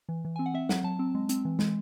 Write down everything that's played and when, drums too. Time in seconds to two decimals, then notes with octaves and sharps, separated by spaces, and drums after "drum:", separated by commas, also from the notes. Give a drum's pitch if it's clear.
0.09 E3
0.25 E3
0.36 C4 G#5
0.46 F#5
0.54 C4 E5
0.69 F#3 F#5, drum: snare
0.84 F#3 A5
0.99 C4
1.15 G#3
1.29 C4, drum: hi-hat
1.45 E3
1.59 G#3, drum: snare